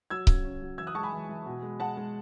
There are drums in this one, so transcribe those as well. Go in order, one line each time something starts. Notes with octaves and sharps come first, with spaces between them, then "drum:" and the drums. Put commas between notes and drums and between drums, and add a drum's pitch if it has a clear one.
F#3 E6 G#6
C#3, drum: kick C#1
C#4
F#3
E3 E6 G#6
D#6 F#6
G#3 A5 C#6
G#5 B5
E3
E3
B2
G#3
G#3 F#5 A5
G#3